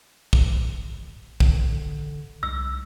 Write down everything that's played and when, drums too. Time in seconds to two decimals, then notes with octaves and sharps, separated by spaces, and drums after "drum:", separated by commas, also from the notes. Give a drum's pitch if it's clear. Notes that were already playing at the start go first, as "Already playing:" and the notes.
0.33 drum: kick
1.40 D3, drum: kick
2.43 C2 E6